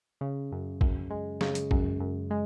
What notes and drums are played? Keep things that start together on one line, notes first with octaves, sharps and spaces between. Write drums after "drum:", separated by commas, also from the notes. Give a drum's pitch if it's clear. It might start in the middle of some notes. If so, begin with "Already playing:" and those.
C#3
F#2
F#2, drum: kick
G#3
C#3, drum: snare
drum: hi-hat
F#2, drum: kick
F#2
G#3